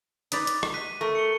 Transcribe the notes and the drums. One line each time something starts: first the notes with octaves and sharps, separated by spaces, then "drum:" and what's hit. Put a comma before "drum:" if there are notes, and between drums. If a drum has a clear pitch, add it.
D#4 B4 D5, drum: hi-hat
drum: hi-hat
drum: rim click
F#6 B6 D#7
A3 A#4 C#6
C#7 G7